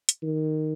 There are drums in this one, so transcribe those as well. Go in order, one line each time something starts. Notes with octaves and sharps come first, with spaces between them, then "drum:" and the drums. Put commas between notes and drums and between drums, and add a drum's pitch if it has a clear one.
drum: hi-hat
D#3